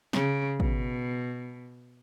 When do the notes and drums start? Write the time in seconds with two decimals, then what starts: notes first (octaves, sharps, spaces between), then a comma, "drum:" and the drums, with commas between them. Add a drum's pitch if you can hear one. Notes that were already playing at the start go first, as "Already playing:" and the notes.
0.13 C#3, drum: snare
0.60 B2, drum: kick